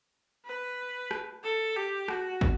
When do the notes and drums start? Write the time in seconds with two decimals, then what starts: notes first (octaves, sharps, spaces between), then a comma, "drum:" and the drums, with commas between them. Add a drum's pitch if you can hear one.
0.46 B4
1.11 drum: rim click
1.43 A4
1.76 G4
2.08 F#4, drum: rim click
2.41 drum: kick